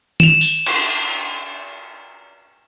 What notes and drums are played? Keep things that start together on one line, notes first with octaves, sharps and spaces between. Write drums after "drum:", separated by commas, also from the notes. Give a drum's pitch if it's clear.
E7 F7, drum: tom
drum: tambourine
drum: cymbal